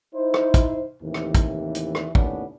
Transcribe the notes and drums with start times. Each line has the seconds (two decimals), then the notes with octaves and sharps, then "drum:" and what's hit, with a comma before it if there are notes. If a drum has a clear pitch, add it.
0.14 D#4 E4 C5
0.34 drum: rim click
0.54 drum: kick, hi-hat
1.03 D#2 A2 C3 E3
1.14 drum: rim click
1.35 drum: kick, hi-hat
1.75 drum: hi-hat
1.95 drum: rim click
2.15 D#2 A2 B3 C#4 D4, drum: kick